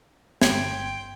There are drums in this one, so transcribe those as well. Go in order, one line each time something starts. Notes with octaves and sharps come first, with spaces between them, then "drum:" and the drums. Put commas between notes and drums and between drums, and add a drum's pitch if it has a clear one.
G1 G5 C6 G#6, drum: snare